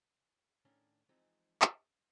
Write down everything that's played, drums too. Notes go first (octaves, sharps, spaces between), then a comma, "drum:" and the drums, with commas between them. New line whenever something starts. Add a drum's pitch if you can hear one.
A2 D#3 C#4 D4
E3 F3 G#3 C4 D#4
drum: clap